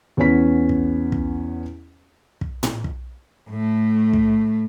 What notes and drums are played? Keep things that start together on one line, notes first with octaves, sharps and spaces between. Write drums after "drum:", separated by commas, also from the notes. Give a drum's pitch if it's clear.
E2 B3 C#4 B6
drum: kick
drum: kick
drum: kick
drum: tom A2
drum: kick
A2 A3
drum: kick